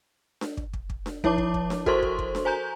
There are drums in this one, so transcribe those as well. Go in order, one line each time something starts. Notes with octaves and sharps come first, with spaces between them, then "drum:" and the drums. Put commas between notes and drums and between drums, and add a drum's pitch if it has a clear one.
drum: snare D4
drum: kick
drum: kick
drum: kick
drum: snare D4
F3 E4 C#5 A5 D6, drum: kick
drum: kick
drum: kick
drum: snare D4
F#4 A4 A#4 C5 C6 C#6, drum: kick
drum: kick
drum: kick
drum: snare D4
C5 G#5 A#5 G6